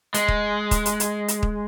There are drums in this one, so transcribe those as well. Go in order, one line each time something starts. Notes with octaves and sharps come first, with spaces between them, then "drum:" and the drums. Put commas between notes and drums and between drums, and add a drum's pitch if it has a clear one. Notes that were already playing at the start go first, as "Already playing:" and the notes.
G#3, drum: hi-hat
drum: kick
drum: kick, hi-hat
drum: hi-hat
drum: hi-hat
drum: hi-hat
drum: kick